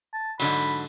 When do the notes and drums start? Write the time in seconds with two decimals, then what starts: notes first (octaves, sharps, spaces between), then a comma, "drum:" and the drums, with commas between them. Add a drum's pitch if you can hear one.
0.14 A5
0.40 G#2 D3 F#3 B5, drum: cymbal